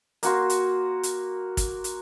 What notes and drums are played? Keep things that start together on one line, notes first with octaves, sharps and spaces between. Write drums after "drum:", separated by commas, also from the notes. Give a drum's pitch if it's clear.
A#3 F#4 C6, drum: hi-hat
drum: hi-hat
drum: hi-hat
drum: kick G#1, hi-hat
drum: hi-hat